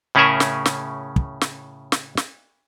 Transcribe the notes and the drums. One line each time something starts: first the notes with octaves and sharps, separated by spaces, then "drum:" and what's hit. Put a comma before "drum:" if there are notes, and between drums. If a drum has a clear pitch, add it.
A2 C#3 C#4 G#4 A#4 E5
drum: snare
drum: snare
drum: kick
drum: snare
drum: snare
drum: snare